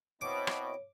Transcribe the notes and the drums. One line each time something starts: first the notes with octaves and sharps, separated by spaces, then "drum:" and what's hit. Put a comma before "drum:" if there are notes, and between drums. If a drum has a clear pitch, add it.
B2 C4 E4 C#5 D#5 D6
drum: rim click